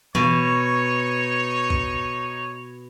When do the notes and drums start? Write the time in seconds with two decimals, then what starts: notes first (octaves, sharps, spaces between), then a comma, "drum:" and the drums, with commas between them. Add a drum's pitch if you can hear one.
0.15 B2 D#4 C#5, drum: tom E3
1.70 drum: kick